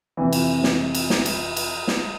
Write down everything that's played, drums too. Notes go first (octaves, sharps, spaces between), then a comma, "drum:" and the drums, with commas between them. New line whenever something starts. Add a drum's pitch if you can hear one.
F2 C3 E3
drum: cymbal
drum: snare
drum: cymbal
drum: snare
drum: cymbal
drum: cymbal
drum: snare